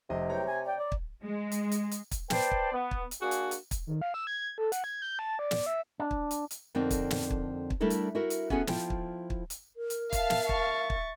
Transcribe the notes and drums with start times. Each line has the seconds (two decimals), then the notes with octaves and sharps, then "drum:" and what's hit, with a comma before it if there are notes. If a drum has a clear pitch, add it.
0.10 F1 C3 D#5
0.30 E2 F#3 C#5 G5 A#5
0.48 G#5
0.66 D5 G5
0.78 D5
0.92 drum: kick
1.23 G#3
1.52 drum: hi-hat
1.71 drum: hi-hat
1.91 drum: hi-hat
2.11 drum: kick, hi-hat
2.30 B4 C5 D5 G5 A5, drum: snare
2.51 drum: kick
2.72 B3
2.91 drum: kick
3.11 drum: hi-hat
3.21 A#3 D4 F#4 G#4
3.31 drum: hi-hat
3.51 drum: hi-hat
3.71 drum: kick, hi-hat
3.87 D#3
4.02 F5
4.14 E6
4.27 G#6
4.58 A4
4.72 F#5, drum: hi-hat
4.84 G#6
5.02 G6
5.19 A5
5.39 D5
5.51 drum: snare
5.66 E5
6.00 D4
6.11 drum: kick
6.31 drum: hi-hat
6.51 drum: hi-hat
6.75 F2 D3 C4 D#4 A#4 D5
6.91 drum: kick, hi-hat
7.10 drum: snare
7.30 drum: kick
7.70 drum: kick
7.80 G3 A3 D4 E4 A4 A#4
7.90 drum: hi-hat
8.15 E4 F#4 A#4
8.30 drum: hi-hat
8.50 B3 C#4 F#4 G#4 A4, drum: kick
8.67 F3 E4 F4 G5, drum: snare
8.90 drum: kick
9.30 drum: kick
9.50 drum: hi-hat
9.76 A#4
9.90 drum: hi-hat
10.13 E5 F5 A5, drum: kick, hi-hat
10.30 drum: snare
10.49 C#6 A6, drum: kick
10.90 drum: kick